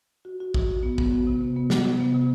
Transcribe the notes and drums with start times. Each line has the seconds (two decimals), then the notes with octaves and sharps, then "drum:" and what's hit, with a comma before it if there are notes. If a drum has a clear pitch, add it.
0.25 F#4
0.40 F#4
0.54 F#4, drum: kick
0.68 F#4
0.83 B3
0.98 B3, drum: kick
1.13 F#4
1.27 C3
1.41 B3
1.56 B3
1.70 B3, drum: snare
1.85 C3
2.00 B3
2.14 C3